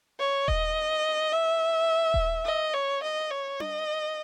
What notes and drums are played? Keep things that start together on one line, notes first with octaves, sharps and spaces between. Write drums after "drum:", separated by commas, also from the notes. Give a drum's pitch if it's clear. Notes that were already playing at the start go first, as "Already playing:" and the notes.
C#5
D#5, drum: kick D#1
E5
drum: kick D#1
D#5
C#5
D#5
C#5
D#5, drum: tom D4